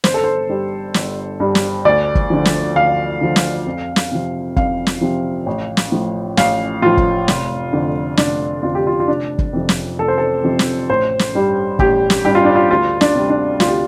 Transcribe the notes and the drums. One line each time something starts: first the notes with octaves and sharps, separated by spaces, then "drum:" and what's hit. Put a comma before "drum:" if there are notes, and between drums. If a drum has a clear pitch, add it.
G1 C5, drum: snare
A4
C5
G2 G3
G1, drum: snare
G2 G3
drum: snare
D2 D5
drum: kick
D3 F3
drum: snare
D2 F5
D3 F3
drum: snare
F2
drum: snare
C3 F3
F2 F5, drum: kick
drum: snare
C3 F3
A1
drum: snare
A2 F3
A1 F5, drum: snare
A2 F3 F4
drum: kick
F1, drum: snare
F2 D3
F1 D4, drum: snare
F2 D3 F4
G4
F4
F4
F1 D4
drum: kick
F2 C3 F3
drum: snare
F1 A4
C5
A4
F2 C3 F3
drum: snare
A1 C5
drum: snare
G2 G3
A1 G4, drum: kick
drum: snare
G2 G3 G4
F4
D4
F4
D2 F4
D4, drum: snare
C3 G3
D4
D2 F4, drum: snare
G4